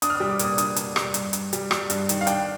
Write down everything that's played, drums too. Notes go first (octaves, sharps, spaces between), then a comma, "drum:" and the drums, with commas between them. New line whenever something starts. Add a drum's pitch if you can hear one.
D4 D#6, drum: hi-hat
F6
G3 D#6
D6
A#2 D#6, drum: hi-hat
D4 D#6, drum: hi-hat
D4, drum: hi-hat
G3 A#5, drum: rim click
G2, drum: hi-hat
G2, drum: hi-hat
G3, drum: hi-hat
G3, drum: rim click
G2, drum: hi-hat
D#3, drum: hi-hat
F5
D4 G5, drum: hi-hat